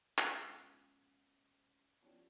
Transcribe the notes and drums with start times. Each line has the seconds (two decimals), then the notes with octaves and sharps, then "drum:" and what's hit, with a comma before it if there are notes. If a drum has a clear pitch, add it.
0.18 G#2 C#3 B3 F4, drum: clap
2.02 F3 B3 C#4 D4 E4 G4